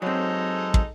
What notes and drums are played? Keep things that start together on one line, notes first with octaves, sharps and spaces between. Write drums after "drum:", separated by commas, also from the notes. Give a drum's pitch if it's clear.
F#3 G#3 C4 D#4 A4
drum: kick